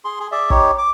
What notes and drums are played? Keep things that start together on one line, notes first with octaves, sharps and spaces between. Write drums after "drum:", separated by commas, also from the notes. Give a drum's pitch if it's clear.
G#4 C6
G#4
G#4 D5 E5
D#4 G4 C#5, drum: kick
D6